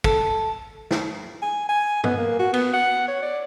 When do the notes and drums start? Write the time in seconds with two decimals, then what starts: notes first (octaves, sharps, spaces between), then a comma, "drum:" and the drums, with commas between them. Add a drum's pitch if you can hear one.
0.04 A4, drum: kick
0.91 drum: snare
1.42 G#5
1.69 G#5
2.04 B3, drum: tom
2.18 A#3
2.39 F#4
2.53 B3, drum: cymbal
2.73 F#5
3.08 C#5
3.22 D5